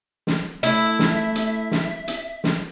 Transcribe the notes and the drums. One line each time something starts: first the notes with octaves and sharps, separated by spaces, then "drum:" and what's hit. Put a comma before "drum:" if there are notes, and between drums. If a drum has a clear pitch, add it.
drum: snare
A3 E4 E5, drum: hi-hat
drum: snare
drum: hi-hat
drum: snare
drum: hi-hat
drum: snare